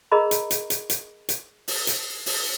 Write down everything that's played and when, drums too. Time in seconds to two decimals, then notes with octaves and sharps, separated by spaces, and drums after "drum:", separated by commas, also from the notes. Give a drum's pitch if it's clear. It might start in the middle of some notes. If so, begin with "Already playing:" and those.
0.12 G#4 A#4 D#5 A#5 B5
0.31 drum: hi-hat
0.51 drum: hi-hat
0.70 drum: hi-hat
0.90 drum: hi-hat
1.29 drum: hi-hat
1.68 drum: open hi-hat
1.87 drum: hi-hat
2.26 drum: open hi-hat